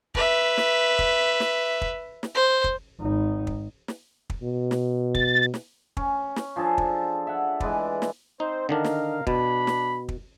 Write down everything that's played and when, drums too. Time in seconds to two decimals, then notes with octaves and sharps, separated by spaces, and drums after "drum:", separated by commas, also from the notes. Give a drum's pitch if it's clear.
0.15 B4 E5, drum: kick
0.57 drum: snare
0.99 drum: kick
1.40 drum: snare
1.81 drum: kick
2.23 drum: snare
2.35 C5
2.64 drum: kick
3.01 G#1 D#4
3.47 drum: kick
3.88 drum: snare
4.30 drum: kick
4.42 B2
4.71 drum: snare
5.15 A6, drum: kick
5.54 drum: snare
5.97 C#4, drum: kick
6.36 drum: snare
6.56 F3 D4 G#4 A4
6.78 drum: kick
7.27 E5 F#5
7.60 E3 G#3 B4 D5, drum: kick
8.02 drum: snare
8.40 C4 D#4 C5
8.69 D3 D#3 D4 A#4 D#5 F5
8.84 drum: snare
9.27 B2 D4 B5, drum: kick
9.67 drum: snare
10.09 drum: kick